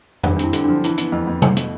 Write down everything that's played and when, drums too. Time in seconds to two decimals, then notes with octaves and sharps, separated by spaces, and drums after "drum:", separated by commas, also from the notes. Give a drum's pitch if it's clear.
0.23 G2 D4, drum: tom F2
0.37 D4
0.39 C4 E4, drum: hi-hat
0.53 D3, drum: hi-hat
0.64 F3 D4
0.84 E3 E4, drum: hi-hat
0.98 B3, drum: hi-hat
1.12 F2
1.27 F2
1.42 A3, drum: tom C3
1.57 B2, drum: hi-hat